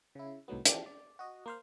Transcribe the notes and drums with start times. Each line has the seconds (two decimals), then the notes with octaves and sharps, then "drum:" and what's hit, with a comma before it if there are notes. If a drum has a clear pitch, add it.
0.15 C#3 E4
0.48 C2 A2 D#3 F#3 B3
0.65 E3 F3 D4 G4, drum: hi-hat
0.86 D5
1.19 F#4 D#5
1.46 A#3 C5 F5